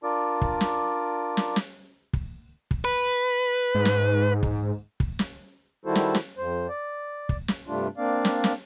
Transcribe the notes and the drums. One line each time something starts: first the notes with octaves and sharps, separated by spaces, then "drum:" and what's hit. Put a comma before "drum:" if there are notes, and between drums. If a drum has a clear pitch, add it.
D4 F4 A#4 D5 D6
drum: kick
drum: snare
drum: snare
drum: snare
drum: kick
drum: kick
B4
G#2
drum: snare
drum: kick
drum: kick
drum: snare
D#3 G3 E4 F#4 A4 C5
drum: snare
drum: snare
F2 C5
D5
drum: kick
drum: snare
G2 C3 G3 A3 D4 F4
A#3 C4 D4 D5 F5
drum: snare
drum: snare